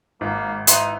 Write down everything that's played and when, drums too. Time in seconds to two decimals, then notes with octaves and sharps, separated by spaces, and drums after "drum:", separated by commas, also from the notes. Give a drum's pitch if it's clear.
0.21 G#1 A#3
0.67 D#4 E4 B4 C6, drum: hi-hat